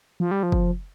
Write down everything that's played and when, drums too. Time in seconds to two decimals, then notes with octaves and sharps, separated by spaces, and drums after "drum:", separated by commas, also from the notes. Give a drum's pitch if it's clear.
0.20 F3
0.31 G3
0.43 F3
0.52 drum: kick